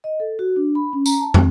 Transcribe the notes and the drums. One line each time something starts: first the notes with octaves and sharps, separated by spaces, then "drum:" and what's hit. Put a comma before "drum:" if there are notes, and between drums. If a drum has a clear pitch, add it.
D#5
A4
F#4
D4
B5
C#4
A#5, drum: tambourine
A5
C4, drum: tom